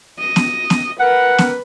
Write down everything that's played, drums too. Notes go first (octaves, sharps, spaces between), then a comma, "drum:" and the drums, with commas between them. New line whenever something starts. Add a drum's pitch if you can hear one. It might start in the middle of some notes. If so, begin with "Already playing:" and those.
D#5
drum: snare B3
drum: snare B3
A#4 B4 F#5
drum: snare B3